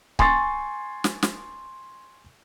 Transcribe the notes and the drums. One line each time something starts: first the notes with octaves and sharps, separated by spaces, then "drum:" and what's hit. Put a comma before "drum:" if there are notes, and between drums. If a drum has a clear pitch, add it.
G#5 C6 C#6 A6, drum: kick C#1
drum: snare
drum: snare